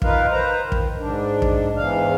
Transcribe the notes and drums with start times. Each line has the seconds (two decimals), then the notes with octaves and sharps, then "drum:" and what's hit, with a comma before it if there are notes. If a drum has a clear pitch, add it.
0.02 D#4 F4 A#4 B4 F5, drum: kick
0.31 B4 C5 A#5
0.61 D#3
0.72 drum: kick
0.99 G#2 D4
1.42 drum: kick
1.77 E2 G#2 E3 F5